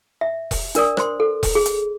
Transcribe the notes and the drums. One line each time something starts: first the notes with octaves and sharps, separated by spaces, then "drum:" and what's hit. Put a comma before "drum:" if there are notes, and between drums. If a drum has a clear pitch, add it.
E5
drum: kick E1, open hi-hat
D4 A#4 D5 D#6, drum: hi-hat
C5 C6, drum: rim click
A4
drum: kick E1, open hi-hat
G#4
drum: hi-hat